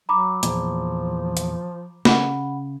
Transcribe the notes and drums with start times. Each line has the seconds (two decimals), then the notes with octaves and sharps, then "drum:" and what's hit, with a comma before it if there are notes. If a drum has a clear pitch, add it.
0.09 F#3 A#5 B5 D6
0.43 E2 A#2 F3, drum: hi-hat
1.37 drum: hi-hat
2.05 C#3 F#5 B5, drum: snare